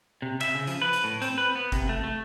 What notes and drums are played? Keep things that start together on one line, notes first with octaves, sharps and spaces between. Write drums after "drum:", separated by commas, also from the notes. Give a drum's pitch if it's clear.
C3
E5, drum: clap
C#3
F3, drum: hi-hat
B4
drum: hi-hat
A2
C4, drum: hi-hat
B4
B3
C3, drum: kick F#1, hi-hat
A3
A3